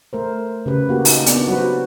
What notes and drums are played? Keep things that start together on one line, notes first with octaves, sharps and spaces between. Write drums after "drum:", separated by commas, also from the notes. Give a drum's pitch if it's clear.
A3 A#4 C5
C#3 G4 B4
A#3 F#4 G4
D#4, drum: open hi-hat
B3 D4 D5, drum: hi-hat
F#3 G3 F#4 B4 C5